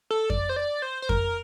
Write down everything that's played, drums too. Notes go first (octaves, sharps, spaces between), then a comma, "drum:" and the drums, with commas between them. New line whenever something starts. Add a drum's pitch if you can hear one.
A4
D5, drum: kick F2
C5
D5
C5
C5
A#4, drum: kick F2